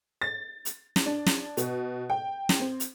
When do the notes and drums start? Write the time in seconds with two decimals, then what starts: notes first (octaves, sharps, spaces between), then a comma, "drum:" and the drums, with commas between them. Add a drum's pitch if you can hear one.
0.21 A6
0.65 drum: hi-hat
0.96 drum: snare
1.06 D4
1.26 drum: snare
1.57 B2, drum: hi-hat
2.10 G5
2.49 drum: snare
2.60 C4
2.80 drum: hi-hat